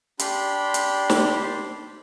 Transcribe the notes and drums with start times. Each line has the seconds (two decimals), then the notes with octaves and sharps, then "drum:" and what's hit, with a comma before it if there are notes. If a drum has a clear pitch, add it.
0.19 D4 G4 B5 C6, drum: hi-hat
0.74 drum: hi-hat
1.10 drum: snare